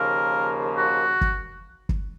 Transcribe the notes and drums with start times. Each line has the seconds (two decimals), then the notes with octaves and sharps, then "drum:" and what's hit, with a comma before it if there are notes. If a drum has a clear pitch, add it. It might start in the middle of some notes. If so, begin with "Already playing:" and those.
Already playing: D#2 C#3 F3 A#3 A#4
0.77 F#4
1.21 drum: kick
1.89 drum: kick